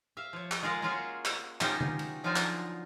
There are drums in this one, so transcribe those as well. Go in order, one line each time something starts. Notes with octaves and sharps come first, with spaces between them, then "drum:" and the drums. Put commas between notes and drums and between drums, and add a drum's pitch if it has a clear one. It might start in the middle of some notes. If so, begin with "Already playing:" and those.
E5 F5
F3 C#5
drum: clap
G#3 F4 G#4 A#4 F5 F#5
G#3 A#3 C#4 F4 F#4 G#4
drum: clap
F#3 B3 C#4 D#4 F4 G4, drum: clap
drum: tom C3
drum: cymbal
D3 F3 F#3 D#4 F4 G#5
drum: clap